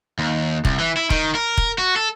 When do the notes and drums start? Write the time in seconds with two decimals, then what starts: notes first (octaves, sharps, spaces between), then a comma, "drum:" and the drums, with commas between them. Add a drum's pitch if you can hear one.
0.19 D#2
0.65 C2, drum: kick
0.79 E3
0.97 E4
1.10 D#3, drum: kick
1.35 A#4
1.57 drum: kick
1.78 F#4
1.96 A4